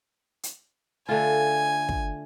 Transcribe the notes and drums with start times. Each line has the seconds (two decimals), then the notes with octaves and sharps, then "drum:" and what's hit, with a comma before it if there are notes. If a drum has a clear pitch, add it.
0.43 drum: hi-hat
1.09 D3 A3 F4 G#5
1.89 drum: kick